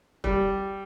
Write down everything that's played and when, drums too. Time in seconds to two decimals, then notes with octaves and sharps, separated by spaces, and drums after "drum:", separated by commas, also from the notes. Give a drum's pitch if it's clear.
0.24 G3, drum: kick E1